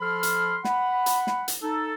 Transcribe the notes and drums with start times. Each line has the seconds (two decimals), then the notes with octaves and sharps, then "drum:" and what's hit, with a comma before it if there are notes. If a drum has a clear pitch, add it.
0.01 F3 A4 B5 C6 F6
0.23 drum: hi-hat
0.64 F#5 B5, drum: snare
1.06 drum: hi-hat
1.27 drum: snare
1.48 drum: hi-hat
1.63 D#4 A4